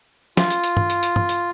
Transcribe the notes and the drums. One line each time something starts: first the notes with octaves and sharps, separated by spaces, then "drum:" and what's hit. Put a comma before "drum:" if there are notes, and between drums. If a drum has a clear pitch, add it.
F4, drum: snare
drum: hi-hat
drum: hi-hat
drum: tom
drum: hi-hat
drum: hi-hat
drum: tom
drum: hi-hat